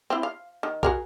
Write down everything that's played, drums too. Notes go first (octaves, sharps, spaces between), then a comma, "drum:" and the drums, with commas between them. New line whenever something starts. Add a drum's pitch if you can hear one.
C4 E4
F5
D#3
F#4 G#4 A#4, drum: kick